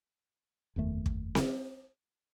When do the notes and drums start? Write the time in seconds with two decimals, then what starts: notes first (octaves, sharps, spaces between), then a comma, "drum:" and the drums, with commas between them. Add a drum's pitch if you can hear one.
0.76 F#1 E2 D#3 A3
1.06 drum: kick
1.35 drum: snare C4